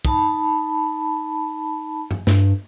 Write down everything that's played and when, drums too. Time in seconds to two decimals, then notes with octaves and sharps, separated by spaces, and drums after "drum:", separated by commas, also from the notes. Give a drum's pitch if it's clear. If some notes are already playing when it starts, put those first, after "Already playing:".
0.05 D#4 A5 B5, drum: kick
2.11 drum: tom G2
2.27 G2, drum: snare